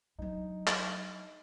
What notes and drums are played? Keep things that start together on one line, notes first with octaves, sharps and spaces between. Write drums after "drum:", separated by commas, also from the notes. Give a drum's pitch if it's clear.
F#3 D4 D#4
drum: clap